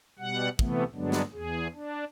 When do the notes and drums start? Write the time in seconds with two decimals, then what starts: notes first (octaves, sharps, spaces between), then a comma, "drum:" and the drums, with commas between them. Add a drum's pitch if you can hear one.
0.19 B2 G3 F#5
0.59 C3 E3 A3 B3, drum: kick
0.95 G2 D3 F#3 G#3 B3 D4
1.12 drum: snare
1.33 E2 G#4
1.74 D4